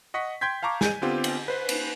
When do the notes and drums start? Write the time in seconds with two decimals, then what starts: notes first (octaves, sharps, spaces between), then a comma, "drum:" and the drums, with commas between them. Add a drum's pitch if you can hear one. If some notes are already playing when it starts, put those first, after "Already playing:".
0.14 D#5 F#5 C#6 B6
0.41 G5 C6 G6 G#6 B6
0.63 F5 A5 A#5 C#6 D6
0.81 G#5 G6 D#7, drum: snare
1.02 D3 B3 C4 F4 G4
1.24 drum: cymbal
1.48 B4 C5
1.69 drum: cymbal